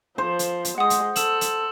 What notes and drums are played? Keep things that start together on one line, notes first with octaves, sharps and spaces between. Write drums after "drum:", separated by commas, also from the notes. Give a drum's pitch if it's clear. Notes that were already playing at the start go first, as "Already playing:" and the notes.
F3 C5
drum: hi-hat
drum: hi-hat
G#3 F#5 D#6
drum: hi-hat
A4 E6 E7 F#7, drum: hi-hat
drum: hi-hat